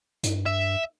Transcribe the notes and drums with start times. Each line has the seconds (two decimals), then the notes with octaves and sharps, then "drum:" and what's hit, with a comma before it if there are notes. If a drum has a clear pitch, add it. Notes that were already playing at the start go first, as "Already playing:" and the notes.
0.23 G2, drum: hi-hat
0.46 E5